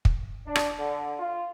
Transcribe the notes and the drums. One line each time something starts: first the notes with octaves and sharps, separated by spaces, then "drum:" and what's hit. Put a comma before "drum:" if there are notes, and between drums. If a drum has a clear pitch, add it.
drum: kick
D4
drum: rim click
D3
F4